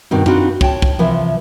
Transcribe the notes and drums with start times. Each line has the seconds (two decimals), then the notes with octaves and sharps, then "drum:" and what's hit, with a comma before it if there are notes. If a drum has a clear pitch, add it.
0.11 G2 B2 D#3 C4
0.26 C4 D4 D#4 F4 F#4 B4, drum: tom F#2
0.61 C#5 G5 A5, drum: kick
0.82 drum: kick
0.99 C3 E3 F3